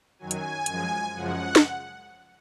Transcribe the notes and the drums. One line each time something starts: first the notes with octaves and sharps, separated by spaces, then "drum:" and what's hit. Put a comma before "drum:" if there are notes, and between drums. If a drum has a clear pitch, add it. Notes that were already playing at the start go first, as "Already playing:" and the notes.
F#2 D#3 F#3 G#5
drum: hi-hat
F#2 F3 G#3, drum: hi-hat
F#2 C#3 F3 G#3 F#5
drum: snare